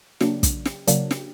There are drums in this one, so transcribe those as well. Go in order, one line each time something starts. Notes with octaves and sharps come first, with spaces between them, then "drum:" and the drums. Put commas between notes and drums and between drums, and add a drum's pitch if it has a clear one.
C#3 F#3 A#3 D4, drum: snare
drum: kick, hi-hat
drum: snare
C#3 F#3 A#3 D4, drum: hi-hat
drum: snare